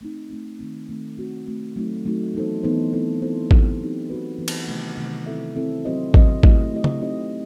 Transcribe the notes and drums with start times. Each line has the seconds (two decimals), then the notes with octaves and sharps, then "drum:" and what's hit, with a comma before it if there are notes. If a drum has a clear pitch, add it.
0.01 A3 C4 D#4
0.30 A3 C4 D#4
0.59 D#3 A3 C4
0.89 D#3 A3 C4
1.18 A3 C4 F#4
1.47 A3 C4 F#4
1.76 F#3 A3 C4 D#4 F#4
2.05 F#3 A3 C4 D#4 F#4
2.35 E3 B3 D#4 A4 C5
2.63 E3 B3 D#4 A4 C5
2.93 A3 C4 E4 A4 C5
3.22 A3 C4 E4 A4 C5
3.51 F#3 C4 D#4 G4, drum: kick
3.81 F#3 C4 D#4 G4
4.10 E3 B3 F#4 B4
4.38 E3 B3 F#4 B4
4.48 drum: cymbal
4.68 C3 D#3 F#3 A3
4.97 C3 D#3 F#3 A3
5.26 C4 E4 A4 E5
5.56 C4 E4 A4 E5
5.85 F#3 C4 F#4 C5 D#5
6.14 F#3 C4 F#4 C5 D#5, drum: kick
6.43 A3 E4 G4 D#5, drum: kick
6.72 A3 E4 G4 D#5
6.84 drum: tom C#3
7.01 C4 D#4 G4 C5 D#5